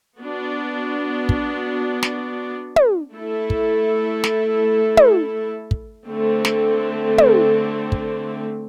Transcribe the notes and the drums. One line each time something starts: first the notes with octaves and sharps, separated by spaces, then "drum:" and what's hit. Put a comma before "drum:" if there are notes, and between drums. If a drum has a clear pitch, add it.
B3 D4 F#4
drum: kick
drum: snare
drum: tom
A3 E4 A4
drum: kick
drum: snare
drum: tom
drum: kick
D3 A3 C4
drum: snare
drum: tom
drum: kick